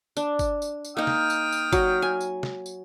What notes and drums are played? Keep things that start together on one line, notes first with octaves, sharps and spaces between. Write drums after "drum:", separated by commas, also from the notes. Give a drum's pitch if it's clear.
D4, drum: tambourine
drum: kick, tambourine
drum: tambourine
drum: tambourine
A#3 D#4 G5 D#6 F6
drum: snare
drum: tambourine
drum: tambourine
F#3, drum: kick, tambourine
G#5
drum: tambourine
drum: snare
drum: tambourine